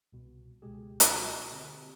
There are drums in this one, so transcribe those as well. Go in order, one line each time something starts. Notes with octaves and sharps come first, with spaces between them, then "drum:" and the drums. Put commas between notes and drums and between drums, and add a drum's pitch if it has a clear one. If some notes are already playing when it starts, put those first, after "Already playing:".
C2 B2
C#2 B2 G#3 G4 G#4
drum: hi-hat
D3 C4 G4